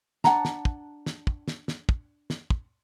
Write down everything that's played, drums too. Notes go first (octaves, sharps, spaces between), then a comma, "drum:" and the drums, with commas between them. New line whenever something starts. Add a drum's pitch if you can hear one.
D4 F#5 A5 A#5, drum: snare
drum: snare
drum: kick
drum: snare
drum: kick
drum: snare
drum: snare
drum: kick
drum: snare
drum: kick